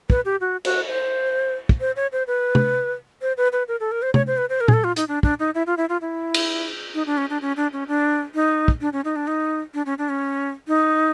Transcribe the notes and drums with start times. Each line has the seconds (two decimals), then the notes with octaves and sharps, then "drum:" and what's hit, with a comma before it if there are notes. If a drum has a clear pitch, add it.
0.10 B4, drum: kick
0.25 G4
0.41 F#4
0.65 F#4, drum: cymbal
0.88 C5
1.69 drum: kick
1.81 C5
1.96 C#5
2.12 C5
2.27 B4
2.55 drum: tom C3
3.22 C5
3.37 B4
3.52 B4
3.68 A#4
3.80 A4
3.92 A#4
4.02 C5
4.14 C#5, drum: tom C3
4.27 C5
4.37 B4
4.49 C5
4.61 A#4
4.68 G#4, drum: tom A#2
4.73 A4
4.84 F4
4.96 D#4, drum: hi-hat
5.08 D4
5.23 D4, drum: kick
5.40 D#4
5.55 E4
5.66 F4
5.77 E4
5.89 F4
6.01 E4
6.34 drum: cymbal
6.94 D#4
7.06 D4
7.17 C#4
7.30 D4
7.42 C#4
7.57 D4
7.73 C#4
7.88 D4
8.35 D#4
8.68 drum: kick
8.81 D4
8.93 C#4
9.05 D#4
9.16 D4
9.27 D#4
9.74 D4
9.86 C#4
9.98 D4
10.09 C#4
10.68 D#4